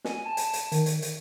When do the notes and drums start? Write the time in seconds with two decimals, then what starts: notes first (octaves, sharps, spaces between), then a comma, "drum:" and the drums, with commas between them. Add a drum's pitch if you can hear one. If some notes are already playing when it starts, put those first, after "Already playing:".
0.04 G#5, drum: snare
0.25 A5
0.37 drum: hi-hat
0.53 drum: hi-hat
0.72 D#3, drum: hi-hat
0.86 drum: hi-hat
1.02 drum: hi-hat